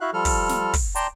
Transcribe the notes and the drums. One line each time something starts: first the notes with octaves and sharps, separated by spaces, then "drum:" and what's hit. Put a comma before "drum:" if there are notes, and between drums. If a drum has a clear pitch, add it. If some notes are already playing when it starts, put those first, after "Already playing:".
E4 F#4 E5 F5 F#6
F3 G3 A4 F6
drum: kick, open hi-hat
drum: snare
drum: kick, open hi-hat
D5 G5 A5 A#5 C6, drum: hi-hat